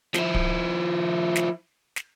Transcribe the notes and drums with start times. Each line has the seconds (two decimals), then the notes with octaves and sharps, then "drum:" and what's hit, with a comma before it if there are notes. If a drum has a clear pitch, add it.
0.14 F3 E4, drum: snare
0.34 drum: kick D1
1.36 drum: snare
1.96 drum: snare